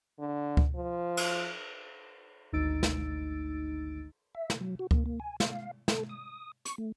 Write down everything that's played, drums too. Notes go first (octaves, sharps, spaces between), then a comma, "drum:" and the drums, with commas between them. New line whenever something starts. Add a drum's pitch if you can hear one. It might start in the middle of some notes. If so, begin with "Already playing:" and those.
D3
drum: kick C#2
F3
drum: cymbal
G#1 D2 D#4 E6 A6 D7
drum: snare
E5
drum: snare
F#3
F#4
A#3, drum: kick C#2
A#3
G#5
F5, drum: snare
A4, drum: snare
D#6
C#6, drum: hi-hat
A3